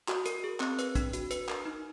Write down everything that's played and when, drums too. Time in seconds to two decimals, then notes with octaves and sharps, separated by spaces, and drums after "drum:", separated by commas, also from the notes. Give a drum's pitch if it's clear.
0.08 F#4, drum: clap
0.26 A#4, drum: hi-hat
0.44 G#4
0.60 C4, drum: clap
0.79 B4, drum: hi-hat
0.95 D4, drum: kick, hi-hat
1.13 F#4, drum: hi-hat
1.31 B4, drum: hi-hat
1.49 A#4, drum: clap
1.65 D#4